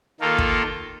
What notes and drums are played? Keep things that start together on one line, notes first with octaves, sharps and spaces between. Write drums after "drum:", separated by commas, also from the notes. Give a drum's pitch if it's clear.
D#3 A#3 F4 A4
drum: kick